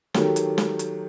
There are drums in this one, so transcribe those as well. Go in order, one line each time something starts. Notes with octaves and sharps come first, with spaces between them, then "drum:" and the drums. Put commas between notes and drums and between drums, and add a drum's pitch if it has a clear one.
D#3 F#3 A3 G4, drum: snare
drum: hi-hat
drum: snare
drum: hi-hat